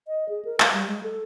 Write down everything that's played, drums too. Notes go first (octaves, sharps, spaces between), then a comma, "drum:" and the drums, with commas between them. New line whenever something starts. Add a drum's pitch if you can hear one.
D#5
G#4
A#4
F5, drum: clap
G3
G#3
A4